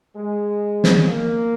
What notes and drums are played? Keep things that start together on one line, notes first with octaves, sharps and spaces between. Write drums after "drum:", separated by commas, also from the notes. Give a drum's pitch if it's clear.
G#3
drum: snare
A#3